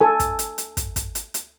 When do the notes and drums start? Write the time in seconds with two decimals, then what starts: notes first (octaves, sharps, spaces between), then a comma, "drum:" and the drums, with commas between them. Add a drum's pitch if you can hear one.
0.01 A4 G#5
0.20 drum: kick, hi-hat
0.39 drum: hi-hat
0.58 drum: hi-hat
0.77 drum: kick, hi-hat
0.96 drum: kick, hi-hat
1.15 drum: hi-hat
1.34 drum: hi-hat